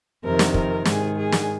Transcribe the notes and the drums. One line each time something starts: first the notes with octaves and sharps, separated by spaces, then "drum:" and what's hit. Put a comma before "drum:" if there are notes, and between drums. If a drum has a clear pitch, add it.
F2 C3 D#3 A#4
drum: snare
A#4, drum: kick
G#2 D#3 G#4, drum: snare
G#4
drum: snare